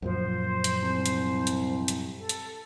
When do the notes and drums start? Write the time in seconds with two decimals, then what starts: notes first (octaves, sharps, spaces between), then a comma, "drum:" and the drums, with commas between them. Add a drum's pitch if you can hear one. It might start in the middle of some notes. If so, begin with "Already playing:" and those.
0.02 F#2 A#2 F3 C5
0.64 drum: hi-hat
0.83 C2
1.06 drum: hi-hat
1.47 drum: hi-hat
1.88 drum: hi-hat
2.18 A4
2.29 drum: hi-hat